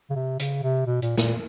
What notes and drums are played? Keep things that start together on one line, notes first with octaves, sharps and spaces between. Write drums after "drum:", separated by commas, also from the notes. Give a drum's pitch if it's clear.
C#3
C3
C#3, drum: hi-hat
C3
B2
A#2, drum: hi-hat
A#2, drum: snare